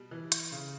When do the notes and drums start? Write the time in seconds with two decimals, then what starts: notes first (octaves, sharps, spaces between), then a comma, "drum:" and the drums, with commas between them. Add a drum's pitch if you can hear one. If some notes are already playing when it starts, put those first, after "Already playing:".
Already playing: B2 G3
0.11 E3
0.32 drum: hi-hat
0.51 C#3